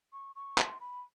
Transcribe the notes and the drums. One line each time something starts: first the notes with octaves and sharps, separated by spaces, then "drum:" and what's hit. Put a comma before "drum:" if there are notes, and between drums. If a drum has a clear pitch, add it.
C#6
C#6
C6, drum: clap
B5